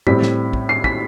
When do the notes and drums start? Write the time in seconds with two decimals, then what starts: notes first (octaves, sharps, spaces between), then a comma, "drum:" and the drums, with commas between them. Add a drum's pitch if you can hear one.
0.07 A2 G3 C4 B6, drum: tom
0.22 drum: snare
0.53 drum: kick
0.69 C7
0.84 B6, drum: kick